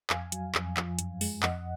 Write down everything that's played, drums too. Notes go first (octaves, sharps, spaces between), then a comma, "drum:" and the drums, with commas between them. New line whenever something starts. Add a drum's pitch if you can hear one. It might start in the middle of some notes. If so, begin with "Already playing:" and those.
F2 F5 G#5, drum: clap
F#3, drum: hi-hat
F2, drum: clap
F3, drum: clap
F#2, drum: hi-hat
G#3, drum: open hi-hat
F2 D#5 F#5, drum: clap